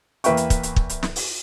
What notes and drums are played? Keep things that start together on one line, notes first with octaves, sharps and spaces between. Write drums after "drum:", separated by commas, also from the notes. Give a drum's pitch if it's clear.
E2 A#3 B4 E5 G5 C#6, drum: hi-hat
drum: hi-hat
drum: kick, hi-hat
drum: hi-hat
drum: kick
drum: hi-hat
drum: snare
drum: open hi-hat